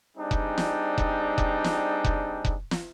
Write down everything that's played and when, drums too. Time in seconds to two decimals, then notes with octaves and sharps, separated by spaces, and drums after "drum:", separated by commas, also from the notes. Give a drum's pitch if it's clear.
0.17 G3 C4 D4 D#4 G#4
0.31 drum: kick F1
0.58 drum: snare
0.98 drum: kick F1
1.38 drum: kick F1
1.64 drum: snare
2.04 drum: kick F1
2.45 drum: kick F1
2.71 drum: snare